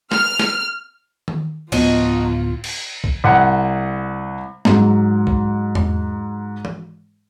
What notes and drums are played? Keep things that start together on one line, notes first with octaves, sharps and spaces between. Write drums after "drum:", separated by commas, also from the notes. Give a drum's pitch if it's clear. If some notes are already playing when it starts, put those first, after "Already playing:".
F6, drum: snare
drum: snare
drum: tom D#3
D1 F3 B3 D#4 F4 F#4, drum: cymbal
drum: cymbal
drum: kick
C2 F#5
G#2 F#3, drum: snare
drum: kick
drum: tom E2
drum: tom E3